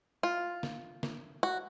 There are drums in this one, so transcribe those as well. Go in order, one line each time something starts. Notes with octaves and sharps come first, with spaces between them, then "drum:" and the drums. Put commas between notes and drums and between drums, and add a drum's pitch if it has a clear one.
F4
drum: snare
drum: snare
F#4